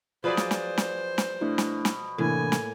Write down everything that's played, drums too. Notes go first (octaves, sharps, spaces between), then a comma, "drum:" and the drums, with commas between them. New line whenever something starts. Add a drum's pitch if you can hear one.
F3 F#3 G#4 B4 C5 D5
drum: snare
drum: snare
drum: snare
drum: snare
B2 A3 D4 E4
drum: snare
drum: snare
A2 C3 E3 A#3 D4 G#5
drum: snare